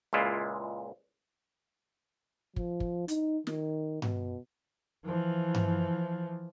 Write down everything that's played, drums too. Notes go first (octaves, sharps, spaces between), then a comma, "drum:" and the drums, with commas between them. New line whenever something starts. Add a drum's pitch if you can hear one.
C#2 A#2 G#3 E4 F4
F3, drum: kick
drum: kick
D#4, drum: hi-hat
D#3, drum: snare
B2, drum: tom G2
E3 F3
drum: tom G2